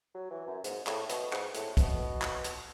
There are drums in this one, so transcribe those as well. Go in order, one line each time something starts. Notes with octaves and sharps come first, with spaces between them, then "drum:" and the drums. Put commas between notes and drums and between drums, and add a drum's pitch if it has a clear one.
F#3
E3
F#2
G#2, drum: hi-hat
A2, drum: clap
B2, drum: hi-hat
G#2, drum: clap
A2, drum: hi-hat
B2, drum: kick, hi-hat
drum: clap
drum: hi-hat